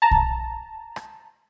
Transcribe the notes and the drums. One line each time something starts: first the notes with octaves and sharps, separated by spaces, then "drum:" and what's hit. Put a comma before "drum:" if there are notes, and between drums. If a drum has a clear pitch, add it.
A5 A#5
drum: kick B1
drum: rim click